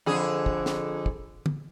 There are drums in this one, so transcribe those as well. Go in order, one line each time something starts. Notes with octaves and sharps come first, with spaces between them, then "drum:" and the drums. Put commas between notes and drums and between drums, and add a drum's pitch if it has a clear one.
F2 D3 G#4
drum: kick
drum: snare
drum: kick
drum: tom